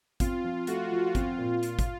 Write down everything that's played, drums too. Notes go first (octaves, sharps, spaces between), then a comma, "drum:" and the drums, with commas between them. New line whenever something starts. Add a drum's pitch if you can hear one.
C4 F4, drum: kick, hi-hat
F3
A3 F#4, drum: hi-hat
F3
C4 F4, drum: kick, hi-hat
A#2
drum: hi-hat
drum: kick, hi-hat